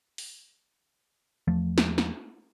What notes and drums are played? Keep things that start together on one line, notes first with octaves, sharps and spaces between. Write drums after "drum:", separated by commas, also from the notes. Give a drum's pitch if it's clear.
drum: open hi-hat
E2 F3 A3
drum: snare
drum: snare